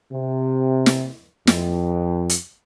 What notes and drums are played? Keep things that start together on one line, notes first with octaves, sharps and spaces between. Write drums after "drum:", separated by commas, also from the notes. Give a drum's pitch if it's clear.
C3
drum: snare
F2, drum: snare
drum: hi-hat